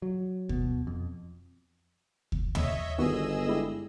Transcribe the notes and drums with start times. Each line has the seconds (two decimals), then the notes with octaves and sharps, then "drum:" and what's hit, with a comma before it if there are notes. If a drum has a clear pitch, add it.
0.02 F#3
0.49 B2, drum: kick D2
0.87 F2
2.32 drum: kick D2
2.55 C#5 D#5 E5, drum: tom D#2
2.98 G1 D#3 B3 F#4 G#4 D#5 E6
3.47 G#3 E4 G4